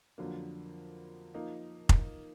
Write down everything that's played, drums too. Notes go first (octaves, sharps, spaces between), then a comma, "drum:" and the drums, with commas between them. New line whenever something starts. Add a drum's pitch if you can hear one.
F2 D3 F#3 A#3
F3 A#3 D#4
drum: kick F1